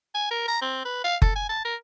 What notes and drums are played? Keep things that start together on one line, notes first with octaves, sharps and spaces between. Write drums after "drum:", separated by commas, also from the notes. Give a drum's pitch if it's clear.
G#5
A#4
A#5
C4
B4
F5
A4, drum: kick F#1
G#5
A5
A#4